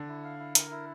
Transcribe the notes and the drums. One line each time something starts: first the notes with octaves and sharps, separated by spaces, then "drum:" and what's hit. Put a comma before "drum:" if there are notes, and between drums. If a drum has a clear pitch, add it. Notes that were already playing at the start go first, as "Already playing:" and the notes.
Already playing: D3
E4
F5
E4
A#4, drum: hi-hat
E4